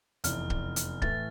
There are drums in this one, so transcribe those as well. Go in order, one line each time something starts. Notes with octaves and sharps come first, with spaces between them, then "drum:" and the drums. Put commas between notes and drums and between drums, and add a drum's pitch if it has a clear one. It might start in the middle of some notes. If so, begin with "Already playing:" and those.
F1 E2 E3 F6, drum: hi-hat
drum: kick C#1
drum: hi-hat
A2 E3 A3 E4 A6, drum: kick C#1